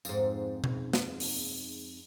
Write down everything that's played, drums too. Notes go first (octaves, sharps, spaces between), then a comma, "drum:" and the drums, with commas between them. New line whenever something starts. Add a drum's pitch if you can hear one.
F2 G#2, drum: tambourine
drum: tom B2
drum: snare
drum: open hi-hat